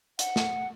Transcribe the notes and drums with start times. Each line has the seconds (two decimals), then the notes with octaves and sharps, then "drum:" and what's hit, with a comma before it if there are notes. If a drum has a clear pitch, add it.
0.19 F#5, drum: hi-hat
0.36 drum: snare